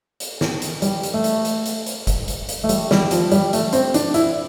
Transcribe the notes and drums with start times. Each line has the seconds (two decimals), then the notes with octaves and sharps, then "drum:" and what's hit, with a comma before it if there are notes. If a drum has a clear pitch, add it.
0.20 drum: hi-hat
0.41 drum: snare
0.62 drum: hi-hat
0.82 G3, drum: hi-hat
1.03 drum: hi-hat
1.14 A3
1.24 drum: hi-hat
1.45 drum: hi-hat
1.66 drum: hi-hat
1.86 drum: hi-hat
2.07 drum: kick F#1, hi-hat
2.28 drum: hi-hat
2.49 drum: hi-hat
2.64 A3
2.69 G3, drum: hi-hat
2.91 G3, drum: snare
3.11 F3, drum: hi-hat
3.32 G3, drum: hi-hat
3.53 A3, drum: hi-hat
3.73 C4, drum: hi-hat
3.94 D4, drum: hi-hat
4.14 E4, drum: hi-hat